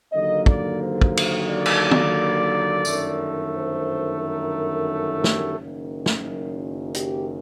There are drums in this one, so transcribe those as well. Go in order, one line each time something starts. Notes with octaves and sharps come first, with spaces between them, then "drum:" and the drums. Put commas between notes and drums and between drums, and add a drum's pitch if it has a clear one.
D#2 D3 F#3 A#3 D#5
D5, drum: kick
C5
drum: kick
drum: cymbal
D5
drum: cymbal
drum: tom
G1 F#2 D#3 A3, drum: tambourine
C5
A#4
A4
G4, drum: snare
F#1 F#2 D#3
drum: snare
G4, drum: hi-hat